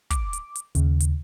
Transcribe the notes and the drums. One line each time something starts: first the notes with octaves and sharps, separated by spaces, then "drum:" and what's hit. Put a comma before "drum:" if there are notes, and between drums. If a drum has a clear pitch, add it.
D6, drum: kick, hi-hat
drum: hi-hat
drum: hi-hat
D#2 C#3, drum: hi-hat
drum: hi-hat